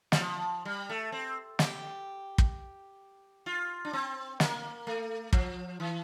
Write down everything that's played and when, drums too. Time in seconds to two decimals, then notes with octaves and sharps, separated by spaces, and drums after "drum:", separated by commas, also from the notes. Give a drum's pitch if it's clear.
0.12 G3, drum: snare
0.20 F3
0.65 G3
0.90 A3
1.12 C4
1.59 G4, drum: snare
2.38 drum: kick
3.46 F4
3.85 D4
3.93 C4
4.40 A#3, drum: snare
4.87 A3
5.33 F3, drum: kick
5.80 E3